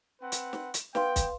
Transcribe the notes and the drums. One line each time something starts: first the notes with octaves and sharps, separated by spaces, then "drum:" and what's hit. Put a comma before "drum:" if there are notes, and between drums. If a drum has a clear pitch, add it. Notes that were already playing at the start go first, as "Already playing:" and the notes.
C4 B4 F#5
drum: hi-hat
drum: snare
drum: hi-hat
B3 B4 F5 G5 C6, drum: snare
drum: kick, hi-hat